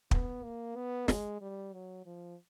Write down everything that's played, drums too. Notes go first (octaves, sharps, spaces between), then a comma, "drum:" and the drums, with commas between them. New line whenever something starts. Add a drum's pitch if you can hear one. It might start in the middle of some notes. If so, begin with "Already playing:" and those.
B3, drum: kick
A#3
B3
G#3, drum: snare
G3
F#3
F3